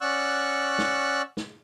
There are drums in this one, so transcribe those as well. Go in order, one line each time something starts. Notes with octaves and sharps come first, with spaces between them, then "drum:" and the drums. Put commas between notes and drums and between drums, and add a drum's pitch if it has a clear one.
C#4 D5 F#5 C#6 E6 F#6
drum: snare
drum: snare